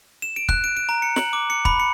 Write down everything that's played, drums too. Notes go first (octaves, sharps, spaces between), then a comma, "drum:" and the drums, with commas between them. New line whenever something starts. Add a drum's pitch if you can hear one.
E7
D7
F#6, drum: kick
D7
D7
A#5
C#7
F#7, drum: snare
D6
C#7
B5, drum: kick
C#7